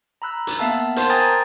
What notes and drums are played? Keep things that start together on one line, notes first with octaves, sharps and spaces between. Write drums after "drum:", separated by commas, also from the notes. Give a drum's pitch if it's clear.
A#5 B5 E6 F#6
drum: hi-hat
A#3 B3 E5 F5 A5 E6
A#4 C5 A5 C6, drum: hi-hat
G5 G#5 A#5 D#6 G#6 A6